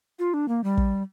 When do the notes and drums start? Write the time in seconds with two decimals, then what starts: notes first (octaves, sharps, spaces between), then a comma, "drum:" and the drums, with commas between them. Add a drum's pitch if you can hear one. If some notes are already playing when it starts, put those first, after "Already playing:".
0.19 F4
0.34 D4
0.48 A#3
0.64 G3
0.78 drum: kick